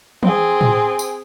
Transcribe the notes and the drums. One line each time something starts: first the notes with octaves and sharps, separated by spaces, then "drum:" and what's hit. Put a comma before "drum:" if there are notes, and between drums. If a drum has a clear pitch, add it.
C4 G#4, drum: tom E3
drum: tom A2
drum: tambourine